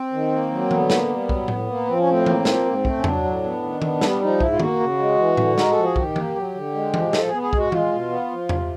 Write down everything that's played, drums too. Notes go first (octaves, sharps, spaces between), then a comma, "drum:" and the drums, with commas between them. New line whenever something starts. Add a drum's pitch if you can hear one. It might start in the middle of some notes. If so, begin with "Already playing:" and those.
Already playing: C4
D#3
A#3
F#3
D3 B3, drum: tom E3
A#3, drum: snare
G3
F#3, drum: kick
A2, drum: tom A2
A#3
F3 C4
C#4
A2 C4
A#3, drum: tom E3
F3, drum: snare
G#2
A3, drum: kick
C#4
F#3 D4, drum: tom E2
A2
B3
D#3
B3, drum: tom D#3
G3, drum: snare
D4
F3 D#4
G#2 E4, drum: kick
F4
A#3 F#4, drum: tom D#3
C#3
G#3
E3
D3, drum: tom A2
G#3 A#4, drum: snare
A4
F3
G#4
D#3 G4, drum: kick
A#3, drum: tom E3
F#3
D3
G#3
F3, drum: tom E3
F3 A4, drum: snare
G#4
B3
G#4
G#3 F#4, drum: kick
G#3 F4, drum: tom E3
B2
B3
F3
C3, drum: tom E2